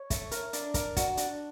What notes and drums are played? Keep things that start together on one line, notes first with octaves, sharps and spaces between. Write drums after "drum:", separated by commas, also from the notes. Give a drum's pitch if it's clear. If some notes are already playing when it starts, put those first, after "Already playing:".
Already playing: C#5
A3, drum: kick, hi-hat
A#4, drum: hi-hat
D4 D5, drum: hi-hat
A#4, drum: kick, hi-hat
F#4, drum: kick, hi-hat
D4, drum: hi-hat